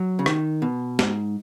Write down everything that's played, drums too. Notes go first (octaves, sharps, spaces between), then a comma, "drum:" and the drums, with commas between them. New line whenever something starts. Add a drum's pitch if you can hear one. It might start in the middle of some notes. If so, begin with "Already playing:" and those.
Already playing: F#3
C#3
D#3, drum: rim click
B2
G#2, drum: snare